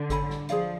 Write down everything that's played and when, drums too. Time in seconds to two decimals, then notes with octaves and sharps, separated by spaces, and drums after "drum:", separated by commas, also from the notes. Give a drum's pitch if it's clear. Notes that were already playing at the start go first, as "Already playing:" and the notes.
Already playing: D3
0.10 A4 C#5 G#5 B5, drum: kick G#1, hi-hat
0.30 drum: snare
0.49 F3 G#4 D5 F5, drum: hi-hat